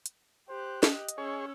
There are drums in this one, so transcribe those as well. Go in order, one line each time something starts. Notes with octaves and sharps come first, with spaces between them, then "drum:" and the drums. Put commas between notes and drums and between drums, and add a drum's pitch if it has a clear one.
drum: hi-hat
G4 C5 F#6
D#5, drum: snare
drum: hi-hat
C#4 G#4 C#5 E6